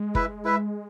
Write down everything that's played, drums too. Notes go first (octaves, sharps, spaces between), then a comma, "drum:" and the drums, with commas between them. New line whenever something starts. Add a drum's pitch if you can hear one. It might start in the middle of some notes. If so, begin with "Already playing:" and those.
Already playing: G#3
E4 B4 E5, drum: kick
E4 B4 E5